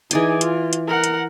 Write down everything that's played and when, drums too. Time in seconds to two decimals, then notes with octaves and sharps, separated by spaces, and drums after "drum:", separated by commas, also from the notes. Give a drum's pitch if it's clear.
0.11 E3 D#4 G#4 D5 G#5, drum: hi-hat
0.41 F4, drum: hi-hat
0.73 drum: hi-hat
0.87 A#4 F#5
1.04 drum: hi-hat